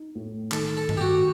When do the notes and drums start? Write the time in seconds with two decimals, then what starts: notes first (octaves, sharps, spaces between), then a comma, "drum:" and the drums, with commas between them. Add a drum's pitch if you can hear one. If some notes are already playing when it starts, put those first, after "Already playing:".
Already playing: D#4
0.15 A2
0.52 D#3 A4, drum: clap
0.77 A4
0.89 D#3, drum: tom G2
0.97 G4
1.01 F#4